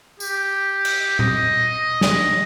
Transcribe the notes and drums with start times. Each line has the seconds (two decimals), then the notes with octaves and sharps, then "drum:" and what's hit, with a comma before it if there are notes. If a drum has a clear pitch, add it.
0.20 G4, drum: tambourine
0.85 drum: cymbal
1.19 D#5, drum: tom A#2
2.01 drum: snare